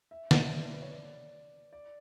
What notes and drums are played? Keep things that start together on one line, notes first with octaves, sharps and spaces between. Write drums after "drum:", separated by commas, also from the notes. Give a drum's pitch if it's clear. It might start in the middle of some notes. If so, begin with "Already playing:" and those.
E5
D5, drum: snare
B4
B4
C#5
D5
D5